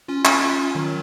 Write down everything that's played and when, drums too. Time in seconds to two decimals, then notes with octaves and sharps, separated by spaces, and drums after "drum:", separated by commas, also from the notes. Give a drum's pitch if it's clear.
0.08 C#4 F4
0.25 C#4 F4, drum: clap
0.75 D#3 F#3